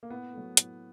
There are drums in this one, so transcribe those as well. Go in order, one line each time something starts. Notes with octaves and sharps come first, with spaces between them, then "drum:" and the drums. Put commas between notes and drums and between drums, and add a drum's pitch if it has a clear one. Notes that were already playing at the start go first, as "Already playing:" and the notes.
A#3
A2 B3
F#3 A3
A2, drum: hi-hat